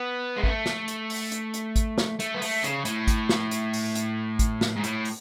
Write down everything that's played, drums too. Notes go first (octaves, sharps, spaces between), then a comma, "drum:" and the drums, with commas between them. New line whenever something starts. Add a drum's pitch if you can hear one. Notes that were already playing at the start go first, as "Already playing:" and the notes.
Already playing: B3
G#3
A3, drum: kick G#1
drum: snare
drum: hi-hat
drum: open hi-hat
drum: hi-hat
drum: hi-hat
drum: kick G#1, hi-hat
drum: snare
A3, drum: hi-hat
B3
A3, drum: open hi-hat
C#3, drum: hi-hat
A2, drum: hi-hat
drum: kick G#1, hi-hat
drum: snare
drum: hi-hat
drum: open hi-hat
drum: hi-hat
drum: kick G#1, hi-hat
drum: snare
G#2
A2, drum: hi-hat
drum: open hi-hat